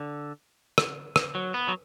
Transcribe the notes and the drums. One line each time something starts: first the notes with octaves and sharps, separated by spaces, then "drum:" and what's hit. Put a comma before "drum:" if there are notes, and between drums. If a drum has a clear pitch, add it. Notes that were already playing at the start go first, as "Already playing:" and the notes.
Already playing: D3
drum: rim click
drum: rim click
F#3
B3
F#3